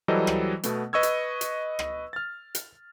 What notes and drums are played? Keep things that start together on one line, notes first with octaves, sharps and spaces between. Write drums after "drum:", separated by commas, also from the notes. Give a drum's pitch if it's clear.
E3 F#3 G3 A4 C5 D#5
drum: rim click
B2 A3 B3, drum: hi-hat
B4 D#5 C#6 E6 G#6
drum: hi-hat
drum: hi-hat
drum: rim click
F6 A6
drum: hi-hat